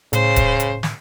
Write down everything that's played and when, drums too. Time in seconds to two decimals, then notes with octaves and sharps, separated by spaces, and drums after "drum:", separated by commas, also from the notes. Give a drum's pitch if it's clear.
0.13 A2 C#3 C5, drum: hi-hat
0.36 drum: kick D1, hi-hat
0.60 drum: hi-hat
0.83 drum: snare